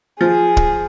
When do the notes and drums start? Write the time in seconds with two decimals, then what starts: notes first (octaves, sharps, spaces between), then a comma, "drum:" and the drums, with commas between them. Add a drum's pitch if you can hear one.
0.21 F3 G#4
0.57 drum: kick